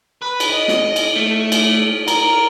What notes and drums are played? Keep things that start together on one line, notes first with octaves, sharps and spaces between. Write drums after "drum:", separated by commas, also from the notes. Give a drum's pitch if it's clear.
B4
drum: cymbal
D#5
drum: snare
drum: cymbal
A3
drum: cymbal
A#4, drum: cymbal